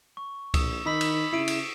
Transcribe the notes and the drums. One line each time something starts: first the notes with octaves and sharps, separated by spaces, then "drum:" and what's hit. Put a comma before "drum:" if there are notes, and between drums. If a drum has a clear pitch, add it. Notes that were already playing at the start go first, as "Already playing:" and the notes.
C#6
A#1 D#6 E6, drum: kick C#2, cymbal
D#3 D#4 B5 D#6 E6 B6
drum: cymbal
C#3 E4 C7 D7 D#7
drum: cymbal